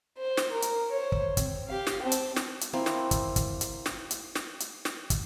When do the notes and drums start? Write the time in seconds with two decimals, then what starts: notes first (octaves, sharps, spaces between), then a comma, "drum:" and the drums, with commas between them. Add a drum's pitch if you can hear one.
0.18 C5
0.37 drum: snare
0.51 A#4
0.62 drum: hi-hat
0.91 C5 C#5
1.12 drum: kick
1.37 C4, drum: kick, hi-hat
1.67 G4 F5
1.87 drum: snare
2.02 C4 A5
2.12 drum: hi-hat
2.36 drum: snare
2.61 drum: hi-hat
2.73 A#3 C4 E4
2.86 drum: snare
3.11 drum: kick, hi-hat
3.36 drum: kick, hi-hat
3.61 drum: hi-hat
3.86 drum: snare
4.11 drum: hi-hat
4.35 drum: snare
4.60 drum: hi-hat
4.85 drum: snare
5.10 drum: kick, hi-hat